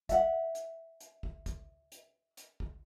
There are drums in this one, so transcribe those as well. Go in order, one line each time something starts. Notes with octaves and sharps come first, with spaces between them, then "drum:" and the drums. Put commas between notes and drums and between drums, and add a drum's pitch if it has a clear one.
E5 F#5, drum: kick, hi-hat
drum: hi-hat
drum: hi-hat
drum: kick
drum: kick, hi-hat
drum: hi-hat
drum: hi-hat
drum: kick